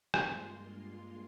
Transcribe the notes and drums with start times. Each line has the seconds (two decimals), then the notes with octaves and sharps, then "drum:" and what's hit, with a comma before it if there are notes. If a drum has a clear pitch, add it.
0.14 G2 G#3 A#3 F4 C6, drum: rim click